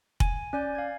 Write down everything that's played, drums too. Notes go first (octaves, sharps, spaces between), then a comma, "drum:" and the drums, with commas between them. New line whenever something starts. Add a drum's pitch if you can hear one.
G#5, drum: kick F1
C#4 D5 G#5 G6
F5 G#6